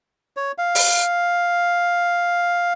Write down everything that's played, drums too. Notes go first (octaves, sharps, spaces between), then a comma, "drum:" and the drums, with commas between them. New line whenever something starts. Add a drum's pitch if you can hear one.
C#5
F5
drum: open hi-hat